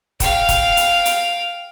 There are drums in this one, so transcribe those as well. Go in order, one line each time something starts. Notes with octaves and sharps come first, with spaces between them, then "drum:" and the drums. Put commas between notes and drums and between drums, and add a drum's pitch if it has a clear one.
F5 G5, drum: kick, hi-hat
drum: kick, hi-hat
drum: hi-hat
drum: hi-hat